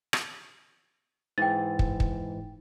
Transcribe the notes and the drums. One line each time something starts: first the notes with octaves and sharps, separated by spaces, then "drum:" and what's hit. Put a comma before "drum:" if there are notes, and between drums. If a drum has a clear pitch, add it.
drum: rim click
G#2 E3 G5 A6
drum: kick
drum: kick